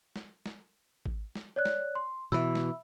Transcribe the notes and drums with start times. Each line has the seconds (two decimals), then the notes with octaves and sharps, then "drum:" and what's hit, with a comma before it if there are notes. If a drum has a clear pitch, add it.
0.16 drum: snare
0.46 drum: snare
1.06 drum: kick G#1
1.36 drum: snare
1.56 C#5 D5 F#6
1.65 drum: snare
1.95 C6
2.32 B2 E3 E5 B5 E6
2.55 drum: snare